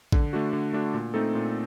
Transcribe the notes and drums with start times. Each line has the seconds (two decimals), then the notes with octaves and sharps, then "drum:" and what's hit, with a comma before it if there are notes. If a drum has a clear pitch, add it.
0.12 D3, drum: kick
0.33 A3 D4 F#4
0.53 D3
0.73 A3 D4 F#4
0.94 A#2
1.14 A3 C4 D#4 A4
1.35 A#2